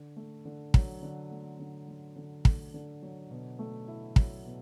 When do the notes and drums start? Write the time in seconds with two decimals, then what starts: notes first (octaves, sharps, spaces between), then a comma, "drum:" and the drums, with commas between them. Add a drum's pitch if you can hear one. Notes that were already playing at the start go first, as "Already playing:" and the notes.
Already playing: D3
0.16 A3
0.45 D3
0.74 F#3, drum: kick
1.03 D3
1.31 A3
1.60 D3
1.88 F#3
2.16 D3
2.45 A3, drum: kick
2.74 D3
3.02 F#3
3.31 B2
3.59 A3
3.88 E4
4.16 F#3, drum: kick
4.45 B2